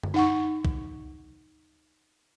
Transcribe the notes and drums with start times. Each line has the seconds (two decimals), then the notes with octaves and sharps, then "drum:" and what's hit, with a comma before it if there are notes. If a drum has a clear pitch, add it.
0.03 drum: tom F#2
0.14 D#4 F#5 C#6
0.65 drum: kick B1